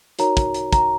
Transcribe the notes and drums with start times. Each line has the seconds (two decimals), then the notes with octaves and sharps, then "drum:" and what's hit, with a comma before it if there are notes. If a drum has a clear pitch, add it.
0.19 D#4 F#4 A#4 C#5 A#5, drum: hi-hat
0.37 drum: kick, hi-hat
0.54 drum: hi-hat
0.73 A#5, drum: kick, hi-hat